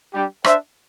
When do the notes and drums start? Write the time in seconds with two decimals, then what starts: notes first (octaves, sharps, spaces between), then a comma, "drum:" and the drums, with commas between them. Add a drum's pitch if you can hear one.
0.14 G3 D4 G4
0.44 D4 C5 E5, drum: rim click